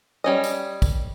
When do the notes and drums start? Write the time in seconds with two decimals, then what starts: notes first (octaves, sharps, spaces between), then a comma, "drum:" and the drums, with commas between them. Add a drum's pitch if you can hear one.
0.24 G3 C#4 D#5
0.44 drum: tambourine
0.82 drum: kick, tambourine